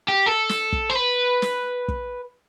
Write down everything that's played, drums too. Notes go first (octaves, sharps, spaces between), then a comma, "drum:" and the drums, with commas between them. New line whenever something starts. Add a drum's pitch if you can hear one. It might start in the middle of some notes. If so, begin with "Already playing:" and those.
G4
A4
drum: snare
drum: kick
C5
B4
drum: snare
drum: kick